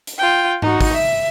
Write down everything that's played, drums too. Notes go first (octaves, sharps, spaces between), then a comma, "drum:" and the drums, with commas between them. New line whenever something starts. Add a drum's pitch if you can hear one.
drum: hi-hat
F4 G5
D#4 F#4, drum: tom G#2
drum: kick, open hi-hat
E5